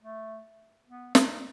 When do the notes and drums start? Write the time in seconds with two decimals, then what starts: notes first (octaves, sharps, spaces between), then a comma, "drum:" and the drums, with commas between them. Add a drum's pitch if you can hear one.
0.02 A3
0.86 B3
1.15 D#4, drum: snare